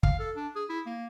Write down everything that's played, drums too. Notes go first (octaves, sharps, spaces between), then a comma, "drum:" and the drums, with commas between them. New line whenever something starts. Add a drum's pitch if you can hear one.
F5, drum: kick
A4
D4
G#4
E4
A#3